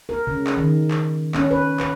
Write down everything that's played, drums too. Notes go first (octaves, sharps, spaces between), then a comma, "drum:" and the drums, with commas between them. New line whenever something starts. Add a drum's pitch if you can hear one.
A#4
C#3
drum: clap
D#3
drum: clap
C#4, drum: clap
B4
B4, drum: clap